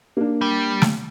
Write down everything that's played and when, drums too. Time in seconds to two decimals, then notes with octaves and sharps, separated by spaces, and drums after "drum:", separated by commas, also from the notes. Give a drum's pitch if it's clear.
0.17 A#3 D4
0.41 G3
0.82 drum: snare